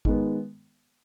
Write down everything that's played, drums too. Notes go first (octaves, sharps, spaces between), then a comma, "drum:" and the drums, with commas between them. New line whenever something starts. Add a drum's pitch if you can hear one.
D#3 G#3 B3, drum: kick G#1